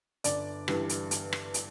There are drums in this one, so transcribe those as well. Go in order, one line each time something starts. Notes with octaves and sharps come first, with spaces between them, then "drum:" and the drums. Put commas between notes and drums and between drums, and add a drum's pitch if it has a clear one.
G1 D5, drum: hi-hat
G2 E3 G3, drum: rim click
drum: hi-hat
drum: hi-hat
drum: rim click
drum: hi-hat